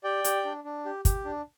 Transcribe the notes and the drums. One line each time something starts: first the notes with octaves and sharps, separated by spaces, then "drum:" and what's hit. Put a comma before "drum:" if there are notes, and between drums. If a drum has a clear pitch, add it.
G4 D5 G5
G4, drum: hi-hat
D4
D4
G4
G4, drum: kick, hi-hat
D4